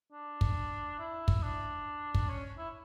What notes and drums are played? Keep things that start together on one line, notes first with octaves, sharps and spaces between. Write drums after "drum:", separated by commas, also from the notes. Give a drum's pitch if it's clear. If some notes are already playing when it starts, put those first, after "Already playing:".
D4
drum: kick
E4
drum: kick
D4
drum: kick
C#4
E4